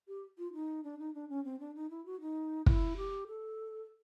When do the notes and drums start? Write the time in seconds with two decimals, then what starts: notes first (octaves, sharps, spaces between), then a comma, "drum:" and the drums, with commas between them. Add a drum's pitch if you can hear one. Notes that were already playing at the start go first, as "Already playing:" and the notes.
0.08 G4
0.38 F4
0.53 D#4
0.84 D4
0.99 D#4
1.14 D4
1.29 C#4
1.45 C4
1.60 D4
1.75 D#4
1.90 E4
2.06 F#4
2.21 D#4
2.66 E4, drum: kick
2.97 G4
3.28 A4